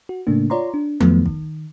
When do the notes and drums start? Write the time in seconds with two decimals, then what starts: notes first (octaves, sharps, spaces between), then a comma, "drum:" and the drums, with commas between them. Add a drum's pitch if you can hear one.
0.09 F#4
0.27 A2 C#3 A3 A#3 D4
0.50 F4 C#5 D5 A#5 C6
0.74 D4
1.00 F2 D#3 F3 F#3 A3 B3, drum: tom F3
1.26 D#3, drum: kick